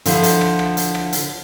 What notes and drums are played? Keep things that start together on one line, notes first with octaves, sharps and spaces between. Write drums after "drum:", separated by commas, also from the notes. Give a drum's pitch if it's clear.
D3 F3 E4, drum: hi-hat
drum: hi-hat
drum: rim click
drum: rim click
drum: hi-hat
drum: rim click
drum: hi-hat